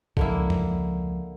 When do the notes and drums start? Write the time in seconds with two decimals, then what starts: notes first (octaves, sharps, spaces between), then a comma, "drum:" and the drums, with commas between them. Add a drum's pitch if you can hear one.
0.17 C#2 D3 F3 A#3 E4, drum: kick B1
0.50 drum: tom E2